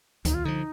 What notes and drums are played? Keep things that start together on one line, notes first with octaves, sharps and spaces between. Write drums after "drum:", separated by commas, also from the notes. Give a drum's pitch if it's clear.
D#2 D#4, drum: kick C#2, hi-hat
F4
D3 F3 D#4